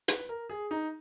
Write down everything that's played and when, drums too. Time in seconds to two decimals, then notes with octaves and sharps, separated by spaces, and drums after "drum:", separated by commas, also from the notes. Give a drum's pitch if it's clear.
0.08 B4, drum: hi-hat
0.29 A#4
0.50 G#4
0.71 D#4